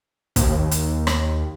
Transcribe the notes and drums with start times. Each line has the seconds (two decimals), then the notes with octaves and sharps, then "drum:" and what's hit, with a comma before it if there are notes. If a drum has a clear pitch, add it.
0.36 D#2, drum: kick, hi-hat
0.71 drum: hi-hat
1.07 drum: rim click